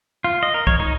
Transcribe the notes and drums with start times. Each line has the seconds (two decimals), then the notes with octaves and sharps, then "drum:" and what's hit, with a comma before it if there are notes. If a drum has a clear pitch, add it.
0.24 F4
0.43 D#5
0.54 A#4
0.67 C#5, drum: kick C2
0.80 D#4